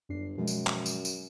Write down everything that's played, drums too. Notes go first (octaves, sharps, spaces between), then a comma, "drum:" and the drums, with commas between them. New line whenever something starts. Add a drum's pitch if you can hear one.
G1 F#2 D4 C7
F#2 B2 F3 G#3
drum: tambourine
drum: clap
drum: tambourine
drum: tambourine